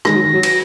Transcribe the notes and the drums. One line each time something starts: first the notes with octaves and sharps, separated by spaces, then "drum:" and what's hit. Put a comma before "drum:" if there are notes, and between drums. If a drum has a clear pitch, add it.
D#3 G#3 A#6, drum: rim click
F#3
D#3
F#3
drum: cymbal